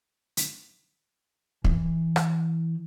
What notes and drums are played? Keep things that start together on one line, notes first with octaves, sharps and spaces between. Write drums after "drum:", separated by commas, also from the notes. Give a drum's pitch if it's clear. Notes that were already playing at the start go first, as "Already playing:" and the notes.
drum: hi-hat
E3, drum: kick
drum: rim click